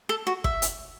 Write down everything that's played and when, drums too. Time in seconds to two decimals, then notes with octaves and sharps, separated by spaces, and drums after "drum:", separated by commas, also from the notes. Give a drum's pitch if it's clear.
0.09 A4
0.27 F#4
0.44 E5, drum: kick
0.62 drum: hi-hat